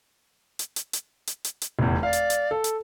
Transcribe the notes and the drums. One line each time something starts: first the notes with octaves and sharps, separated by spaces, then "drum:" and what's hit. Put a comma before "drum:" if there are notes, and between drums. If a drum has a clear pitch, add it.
drum: hi-hat
drum: hi-hat
drum: hi-hat
drum: hi-hat
drum: hi-hat
drum: hi-hat
F1 E2
D5 F5
drum: hi-hat
drum: hi-hat
A4
drum: hi-hat